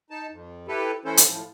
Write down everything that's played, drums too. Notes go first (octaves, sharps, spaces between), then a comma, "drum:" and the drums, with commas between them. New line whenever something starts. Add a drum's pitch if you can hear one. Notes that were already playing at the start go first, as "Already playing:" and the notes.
D#4 A5
F2
E4 G4 A4 B4
E3 A3 C#4 E4 A4 C5
drum: hi-hat
A2 F3